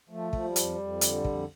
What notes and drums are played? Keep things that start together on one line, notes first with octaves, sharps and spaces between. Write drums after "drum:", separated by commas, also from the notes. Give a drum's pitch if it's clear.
F3 A3
F3, drum: kick
G3
F2, drum: hi-hat
F2
D3, drum: hi-hat
F2, drum: kick